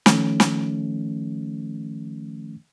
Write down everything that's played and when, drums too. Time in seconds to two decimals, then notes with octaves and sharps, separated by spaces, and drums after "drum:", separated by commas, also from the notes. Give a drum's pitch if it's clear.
0.06 D#3 F3 A3 C#4, drum: snare
0.40 drum: snare